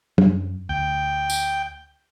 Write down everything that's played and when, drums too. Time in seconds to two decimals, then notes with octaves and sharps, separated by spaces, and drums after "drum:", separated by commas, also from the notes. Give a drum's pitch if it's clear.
0.18 F#2, drum: tom
0.69 D2 G5
1.30 drum: tambourine